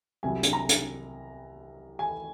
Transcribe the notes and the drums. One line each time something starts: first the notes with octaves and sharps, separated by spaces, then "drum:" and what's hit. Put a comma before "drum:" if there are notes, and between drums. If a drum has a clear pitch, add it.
C2 C3 F#3 G#5
drum: hi-hat
A#5
drum: hi-hat
G#5